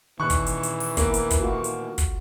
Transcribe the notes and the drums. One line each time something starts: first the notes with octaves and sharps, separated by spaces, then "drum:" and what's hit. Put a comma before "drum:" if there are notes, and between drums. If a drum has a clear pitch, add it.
A#2 D#3 E3 C#6 F#6
drum: kick, hi-hat
drum: hi-hat
drum: hi-hat
drum: open hi-hat
A#3 B3, drum: kick, hi-hat
drum: hi-hat
drum: kick, hi-hat
A3 F4 F#4
drum: hi-hat
drum: kick, hi-hat